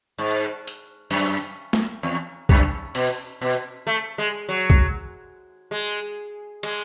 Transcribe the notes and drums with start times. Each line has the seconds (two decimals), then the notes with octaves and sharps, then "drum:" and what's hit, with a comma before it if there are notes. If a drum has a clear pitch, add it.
0.18 G#2
0.67 drum: hi-hat
1.11 F#2, drum: open hi-hat
1.73 drum: snare
2.03 E2
2.49 F#2, drum: kick
2.95 B2, drum: open hi-hat
3.41 B2
3.87 A3
4.18 G#3
4.49 F#3
4.70 drum: kick
5.71 G#3
6.63 G#3, drum: cymbal